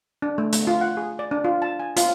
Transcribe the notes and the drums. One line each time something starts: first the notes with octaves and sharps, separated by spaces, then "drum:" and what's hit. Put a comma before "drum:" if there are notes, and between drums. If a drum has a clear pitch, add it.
D4
A3
A3, drum: hi-hat
F4
F#5
G#4
D5
D4
F4
A5
G#5
F4, drum: hi-hat